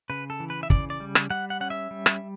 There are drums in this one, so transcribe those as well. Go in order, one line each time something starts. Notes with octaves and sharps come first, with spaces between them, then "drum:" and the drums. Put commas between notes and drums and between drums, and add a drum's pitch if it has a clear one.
C#3 B4
A4
E3
B4
E5
C#3 D5, drum: kick
D5
G3
drum: rim click
G3 F#5
F#5
C#4 F#5
E5
G3
drum: rim click